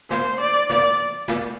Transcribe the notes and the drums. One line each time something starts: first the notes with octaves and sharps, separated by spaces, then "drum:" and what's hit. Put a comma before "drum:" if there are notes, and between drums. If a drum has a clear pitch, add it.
C5, drum: snare
D5
D5, drum: snare
drum: snare